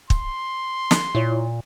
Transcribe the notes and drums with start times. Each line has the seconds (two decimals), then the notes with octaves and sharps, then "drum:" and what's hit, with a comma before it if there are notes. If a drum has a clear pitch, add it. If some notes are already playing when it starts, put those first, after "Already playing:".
0.10 C6, drum: kick
0.91 drum: snare
1.15 A#2 E4 F4 C#5